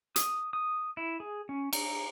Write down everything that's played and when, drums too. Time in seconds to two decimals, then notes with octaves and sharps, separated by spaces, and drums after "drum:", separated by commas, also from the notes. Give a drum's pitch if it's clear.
0.16 D#6, drum: hi-hat
0.53 D#6
0.97 E4
1.20 G#4
1.49 C#4
1.73 A#5, drum: cymbal